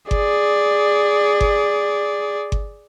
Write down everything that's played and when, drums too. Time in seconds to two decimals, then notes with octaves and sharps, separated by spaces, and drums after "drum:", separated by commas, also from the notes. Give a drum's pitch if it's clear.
0.11 G#4 D5, drum: kick G1
1.41 drum: kick G1
2.52 drum: kick G1